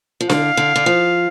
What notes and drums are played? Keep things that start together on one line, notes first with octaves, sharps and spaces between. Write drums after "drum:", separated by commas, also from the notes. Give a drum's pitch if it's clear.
F3
D3 F5, drum: snare D4
D3
D3
F3